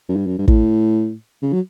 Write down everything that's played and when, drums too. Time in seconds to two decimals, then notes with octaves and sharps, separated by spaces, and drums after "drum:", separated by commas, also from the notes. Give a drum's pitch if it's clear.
0.09 F#2
0.16 G2
0.27 F#2
0.38 G2
0.48 A2, drum: kick
1.42 C#3
1.53 F#3